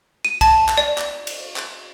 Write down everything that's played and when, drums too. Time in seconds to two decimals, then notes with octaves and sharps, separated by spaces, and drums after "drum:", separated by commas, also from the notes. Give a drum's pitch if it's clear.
0.25 D#7
0.41 A5, drum: kick, cymbal
0.68 drum: clap
0.78 D5
0.98 drum: clap
1.27 drum: cymbal
1.56 drum: clap